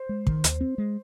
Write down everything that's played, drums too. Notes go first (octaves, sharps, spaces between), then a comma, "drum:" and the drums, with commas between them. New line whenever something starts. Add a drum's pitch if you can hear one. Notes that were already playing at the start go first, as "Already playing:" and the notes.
Already playing: C5
G#3
D#3, drum: kick
D#2, drum: hi-hat
C4
G#3